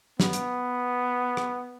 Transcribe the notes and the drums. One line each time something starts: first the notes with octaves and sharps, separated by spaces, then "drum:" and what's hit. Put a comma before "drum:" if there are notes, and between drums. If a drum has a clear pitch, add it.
B3, drum: snare
drum: hi-hat
drum: rim click